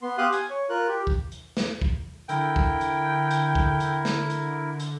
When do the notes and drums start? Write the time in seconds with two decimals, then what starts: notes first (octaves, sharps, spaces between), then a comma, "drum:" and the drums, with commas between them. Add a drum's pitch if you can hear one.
0.02 B3 C6
0.18 G4 F5 C6 D#6 F#6
0.32 G#5, drum: hi-hat
0.50 C#5
0.70 F4 A#4 F#6
0.88 G4
1.07 drum: kick
1.32 drum: hi-hat
1.57 drum: snare
1.82 drum: kick
2.29 D3 E4 A#4 G5, drum: hi-hat
2.56 drum: kick
2.81 drum: hi-hat
3.31 drum: hi-hat
3.55 drum: kick
3.80 drum: hi-hat
4.05 drum: snare
4.30 drum: hi-hat
4.80 drum: hi-hat